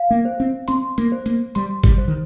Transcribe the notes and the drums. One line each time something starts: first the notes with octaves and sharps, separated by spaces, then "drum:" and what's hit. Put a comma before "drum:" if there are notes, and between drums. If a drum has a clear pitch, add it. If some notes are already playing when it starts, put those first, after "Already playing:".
Already playing: F5
A#3
C5
C4
C4 C6, drum: hi-hat
A#3, drum: hi-hat
C5
A#3, drum: hi-hat
G3 C6, drum: hi-hat
G3, drum: kick G#1, hi-hat
C5
D#3